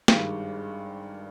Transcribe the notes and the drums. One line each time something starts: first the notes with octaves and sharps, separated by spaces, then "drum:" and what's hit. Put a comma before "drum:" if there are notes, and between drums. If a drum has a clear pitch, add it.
G#1 G2 D#3 G#3, drum: snare